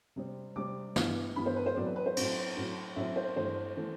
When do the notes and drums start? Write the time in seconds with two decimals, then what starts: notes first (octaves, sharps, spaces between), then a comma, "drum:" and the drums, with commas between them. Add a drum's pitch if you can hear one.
0.16 C3 G3 C4
0.56 C3 G3 C4 D6
0.96 G2 E3 B3, drum: snare
1.36 G2 E3 B3 B5
1.46 C5
1.56 B4
1.66 C5
1.76 A2 F#3 C4 D5
1.86 B4
1.96 B4
2.06 C5
2.17 A2 F#3 C4, drum: cymbal
2.56 A2 F#3 C4
2.96 A2 F#3 C4 E5
3.16 C5
3.36 G2 E3 A3 C5
3.77 E3 A3